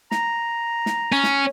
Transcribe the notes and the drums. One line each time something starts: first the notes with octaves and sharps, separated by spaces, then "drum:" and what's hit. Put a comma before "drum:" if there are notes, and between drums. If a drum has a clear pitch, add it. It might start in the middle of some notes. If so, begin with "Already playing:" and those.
A#5, drum: snare
drum: snare
C#4
drum: snare